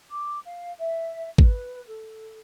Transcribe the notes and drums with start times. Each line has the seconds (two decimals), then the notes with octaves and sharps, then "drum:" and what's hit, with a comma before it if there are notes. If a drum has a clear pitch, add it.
0.10 D6
0.44 F5
0.79 E5
1.38 B4, drum: kick
1.87 A4